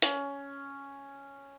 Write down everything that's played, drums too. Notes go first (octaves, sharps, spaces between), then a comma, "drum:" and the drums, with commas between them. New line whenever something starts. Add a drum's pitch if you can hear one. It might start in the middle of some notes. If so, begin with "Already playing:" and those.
C#4, drum: hi-hat